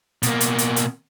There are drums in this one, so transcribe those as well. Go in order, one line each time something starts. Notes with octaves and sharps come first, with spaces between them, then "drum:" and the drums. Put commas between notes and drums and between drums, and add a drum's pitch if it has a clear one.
B2 A#3, drum: hi-hat
drum: hi-hat
drum: hi-hat
drum: hi-hat